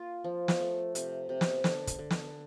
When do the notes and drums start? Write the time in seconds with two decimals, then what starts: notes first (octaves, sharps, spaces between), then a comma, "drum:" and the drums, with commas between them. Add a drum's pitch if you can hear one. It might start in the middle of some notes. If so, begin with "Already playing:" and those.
Already playing: A#3 F4
0.24 F3
0.48 drum: snare
0.60 A3
0.95 C3, drum: hi-hat
1.29 C3
1.41 drum: snare
1.64 D3, drum: snare
1.87 drum: kick, hi-hat
1.99 D3
2.11 drum: snare